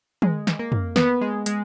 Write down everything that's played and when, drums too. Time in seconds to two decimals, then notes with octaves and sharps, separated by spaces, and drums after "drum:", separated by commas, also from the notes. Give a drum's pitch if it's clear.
0.22 G#3, drum: tom
0.47 drum: snare
0.59 A#3
0.72 drum: tom
0.96 B3, drum: snare
1.21 G#3
1.46 G#3, drum: hi-hat